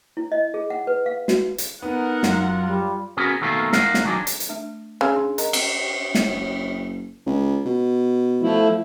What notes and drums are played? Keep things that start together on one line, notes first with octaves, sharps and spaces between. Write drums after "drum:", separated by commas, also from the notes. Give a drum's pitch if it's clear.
E4
D#5
G#4
F#5
B4
F5
F#4, drum: snare
drum: hi-hat
B3 D#4 A#4 F#5
F#2 F4, drum: snare
G3
B3 C#4 F#4 G#4 A#4
B2 D#3 A3 A#3 F4
A#4 F5 F#5, drum: snare
drum: snare
D#3 F#3 G#3 D4
drum: hi-hat
drum: hi-hat
A3 D4
C#3 G#4 G#5
D4 C6
A#4 D#5 A#5, drum: hi-hat
drum: cymbal
drum: snare
F#1
C#2
B2
F3 A3 E4